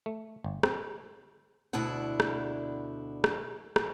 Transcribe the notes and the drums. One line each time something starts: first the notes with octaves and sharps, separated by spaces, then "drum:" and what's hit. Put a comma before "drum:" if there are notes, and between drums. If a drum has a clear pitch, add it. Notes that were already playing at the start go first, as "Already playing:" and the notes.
A3
G1
C4, drum: rim click
D2 B2 D4 E4 F#5
drum: rim click
drum: rim click
drum: rim click